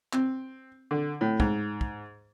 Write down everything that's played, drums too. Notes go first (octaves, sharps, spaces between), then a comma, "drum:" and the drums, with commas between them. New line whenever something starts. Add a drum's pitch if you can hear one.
C4, drum: clap
D3
A2
G#2, drum: kick
drum: kick